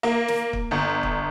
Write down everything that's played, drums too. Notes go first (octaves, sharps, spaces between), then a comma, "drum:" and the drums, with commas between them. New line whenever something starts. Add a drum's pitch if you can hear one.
A#3
drum: snare
drum: kick
G1
drum: kick